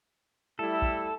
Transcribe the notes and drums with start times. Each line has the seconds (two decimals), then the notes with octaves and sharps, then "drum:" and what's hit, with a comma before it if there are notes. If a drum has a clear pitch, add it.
0.59 G3 A3 E4 A4
0.82 drum: kick A#1